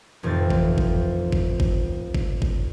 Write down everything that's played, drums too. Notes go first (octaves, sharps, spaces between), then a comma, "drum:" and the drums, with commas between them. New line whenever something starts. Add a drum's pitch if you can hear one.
F1 F2 A2 E3 C4 A6
drum: kick G1
drum: kick G1
drum: kick G1
drum: kick G1
drum: kick G1
drum: kick G1